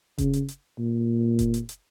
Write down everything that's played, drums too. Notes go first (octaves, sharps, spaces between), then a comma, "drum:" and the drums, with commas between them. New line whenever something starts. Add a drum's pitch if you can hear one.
C#3, drum: kick F#1, hi-hat
drum: hi-hat
drum: hi-hat
A#2
drum: kick F#1, hi-hat
drum: hi-hat
drum: hi-hat